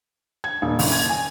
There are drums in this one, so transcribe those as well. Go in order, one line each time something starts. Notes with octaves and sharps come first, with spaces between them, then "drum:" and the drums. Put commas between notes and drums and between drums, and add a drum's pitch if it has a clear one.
G#6
D#1
F#1, drum: open hi-hat
G#6
G#5